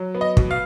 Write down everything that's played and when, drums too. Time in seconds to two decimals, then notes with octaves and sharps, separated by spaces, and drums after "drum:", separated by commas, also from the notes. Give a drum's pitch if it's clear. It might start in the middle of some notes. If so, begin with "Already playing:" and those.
Already playing: F#3
0.15 B3
0.21 D#5
0.37 B2, drum: kick
0.51 F5